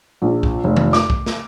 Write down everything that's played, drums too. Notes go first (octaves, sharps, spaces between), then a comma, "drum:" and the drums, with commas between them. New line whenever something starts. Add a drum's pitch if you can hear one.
A#1
drum: kick
F1
drum: tom D#3
D6, drum: snare
drum: kick
drum: snare